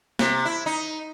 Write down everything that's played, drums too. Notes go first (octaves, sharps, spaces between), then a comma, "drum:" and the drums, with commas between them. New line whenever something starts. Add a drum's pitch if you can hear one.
C3, drum: snare
E4
D#4